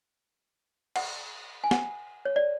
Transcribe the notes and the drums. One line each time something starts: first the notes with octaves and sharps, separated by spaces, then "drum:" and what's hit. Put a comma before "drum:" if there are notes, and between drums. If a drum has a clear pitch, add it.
F#5, drum: cymbal
G#5
F#5, drum: snare
C#5
D5